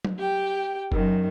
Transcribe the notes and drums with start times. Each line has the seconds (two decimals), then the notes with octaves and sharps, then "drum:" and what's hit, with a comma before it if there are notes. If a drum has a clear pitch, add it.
0.05 drum: tom F#3
0.19 G4 G5
0.92 F#2 D#3, drum: kick F1